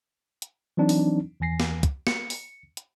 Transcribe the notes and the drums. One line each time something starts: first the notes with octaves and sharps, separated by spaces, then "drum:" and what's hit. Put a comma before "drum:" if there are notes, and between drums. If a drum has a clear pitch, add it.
drum: hi-hat
E3 F#3 C4 D4 D#4
drum: open hi-hat
E2 E3 G#5 A#6 C7
drum: snare
drum: kick, hi-hat
C#7, drum: snare
drum: open hi-hat
drum: hi-hat